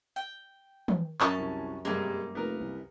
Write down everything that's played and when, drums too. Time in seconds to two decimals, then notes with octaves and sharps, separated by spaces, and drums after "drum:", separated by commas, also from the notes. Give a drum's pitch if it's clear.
0.16 G5
0.88 drum: tom
1.21 F#2 C#4 A5, drum: clap
1.38 C2
1.85 G2 C3 G#3 A#3
2.35 F1 B3 A#4
2.60 C2